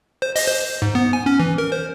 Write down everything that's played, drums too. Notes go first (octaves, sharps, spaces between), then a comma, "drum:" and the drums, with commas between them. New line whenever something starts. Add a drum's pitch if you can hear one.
C5
D#5, drum: open hi-hat
C5
G#2
B3
G#5
C#4
E3
A#4
C5